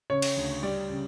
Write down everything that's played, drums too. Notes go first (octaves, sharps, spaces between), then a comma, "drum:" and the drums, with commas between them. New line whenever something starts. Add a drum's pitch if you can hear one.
C#3 C#5
drum: cymbal
D2
G3 D5
C#3